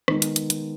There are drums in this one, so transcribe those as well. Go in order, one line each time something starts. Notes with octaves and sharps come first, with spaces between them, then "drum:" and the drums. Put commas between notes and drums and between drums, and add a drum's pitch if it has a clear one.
D#3 G#3 B3 D#4, drum: rim click
drum: hi-hat
drum: hi-hat
drum: hi-hat